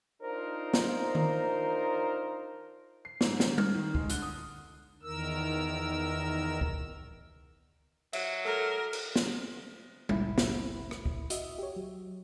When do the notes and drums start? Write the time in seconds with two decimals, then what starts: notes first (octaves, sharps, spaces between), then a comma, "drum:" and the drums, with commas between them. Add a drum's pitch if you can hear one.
0.22 D4 D#4 F4 A#4 C5
0.74 drum: snare
1.15 drum: tom D#3
3.05 C7
3.21 G#2, drum: snare
3.40 D#3, drum: snare
3.58 F6, drum: tom G3
3.74 D#3
3.95 G#3, drum: kick
4.10 D3, drum: hi-hat
4.22 D#6
5.03 E2 D#3 A#4 E6
6.61 drum: kick
8.13 F#3 E5, drum: cymbal
8.45 A4 A#4
8.93 drum: cymbal
9.16 drum: snare
10.09 G1 C#2 A#2 E4 E5 B5, drum: tom G3
10.38 drum: snare
10.91 drum: rim click
11.06 drum: kick
11.30 F#4 D#5 E5, drum: hi-hat
11.59 G4 C#5
11.76 F#3